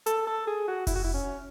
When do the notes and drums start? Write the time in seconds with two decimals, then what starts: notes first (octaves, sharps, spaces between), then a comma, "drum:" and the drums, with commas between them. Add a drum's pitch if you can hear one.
0.06 A4, drum: hi-hat
0.27 A4
0.47 G#4
0.68 F#4
0.87 E4, drum: kick F1, open hi-hat
0.95 F#4
1.04 E4
1.14 C#4